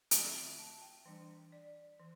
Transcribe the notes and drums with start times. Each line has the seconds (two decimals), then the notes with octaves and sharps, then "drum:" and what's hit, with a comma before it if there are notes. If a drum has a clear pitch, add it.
0.11 D3 A3 C4 G5, drum: hi-hat
0.29 E5
0.35 G5
0.59 A5
0.82 G5
1.05 E3 G3 D4 G5
1.52 D5
2.00 E3